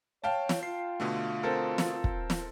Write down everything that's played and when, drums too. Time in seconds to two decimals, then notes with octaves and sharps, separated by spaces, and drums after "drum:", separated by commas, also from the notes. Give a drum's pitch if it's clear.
0.24 C#5 F5 G5 A5
0.49 drum: snare
0.63 F4 C7
1.00 B2 D3 A3
1.43 C4 A4 A#4
1.78 drum: snare
2.04 drum: kick
2.30 drum: snare